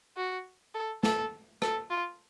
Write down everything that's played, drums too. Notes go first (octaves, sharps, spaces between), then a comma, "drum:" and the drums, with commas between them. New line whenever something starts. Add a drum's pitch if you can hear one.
F#4
A4
A4, drum: snare
A4, drum: rim click
F4